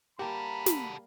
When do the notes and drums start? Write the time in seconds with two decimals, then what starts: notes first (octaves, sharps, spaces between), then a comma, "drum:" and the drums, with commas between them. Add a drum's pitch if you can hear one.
0.19 G3 A#3 F#4 G4 A4 A#4 B5
0.66 drum: snare